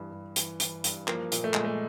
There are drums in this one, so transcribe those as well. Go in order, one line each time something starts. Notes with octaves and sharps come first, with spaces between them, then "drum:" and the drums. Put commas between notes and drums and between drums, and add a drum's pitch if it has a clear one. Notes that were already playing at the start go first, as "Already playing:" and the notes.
Already playing: G2 E3
G2
E3, drum: hi-hat
E3, drum: hi-hat
G2, drum: hi-hat
F3 A#3, drum: clap
A#2, drum: hi-hat
A3
A#2 G#3, drum: clap
A3